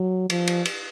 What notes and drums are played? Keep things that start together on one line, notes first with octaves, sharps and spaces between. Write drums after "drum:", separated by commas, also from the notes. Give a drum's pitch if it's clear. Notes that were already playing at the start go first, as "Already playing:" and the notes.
Already playing: F#3
F3, drum: cymbal
drum: cymbal
drum: cymbal